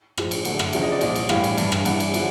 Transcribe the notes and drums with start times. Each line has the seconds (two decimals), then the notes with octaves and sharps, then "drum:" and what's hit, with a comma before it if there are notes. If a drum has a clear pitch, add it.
0.17 A2 F3 G#3, drum: rim click
0.31 drum: cymbal
0.45 D2 D3 F#3 A3, drum: cymbal
0.59 drum: rim click
0.73 E2 C#3 F3 G#3 E5, drum: cymbal
0.83 D#5
0.92 D5
1.01 C2 A#2 F3 D#5, drum: cymbal
1.16 drum: cymbal
1.29 A2 E3 G3 F5, drum: rim click
1.44 drum: cymbal
1.58 G2 E3 G3, drum: cymbal
1.72 drum: rim click
1.85 G2 E3 G3 F#5, drum: cymbal
2.00 drum: cymbal
2.14 D3 F3 G#3, drum: cymbal